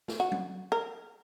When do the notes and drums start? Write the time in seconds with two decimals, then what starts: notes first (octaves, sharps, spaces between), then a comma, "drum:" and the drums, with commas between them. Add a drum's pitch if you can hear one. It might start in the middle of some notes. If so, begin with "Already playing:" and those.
0.08 drum: snare
0.20 F#4
0.32 drum: tom F#3
0.72 A#4